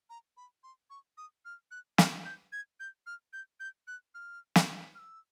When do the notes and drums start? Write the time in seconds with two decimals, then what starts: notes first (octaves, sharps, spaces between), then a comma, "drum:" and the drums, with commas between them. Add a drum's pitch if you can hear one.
0.10 A#5
0.37 B5
0.63 C6
0.90 C#6
1.18 D#6
1.45 F6
1.71 F#6
1.98 F6, drum: snare
2.25 G6
2.52 G#6
2.80 G6
3.06 F6
3.33 G6
3.60 G6
3.87 F#6
4.15 F6
4.56 drum: snare
4.95 F6
4.99 E6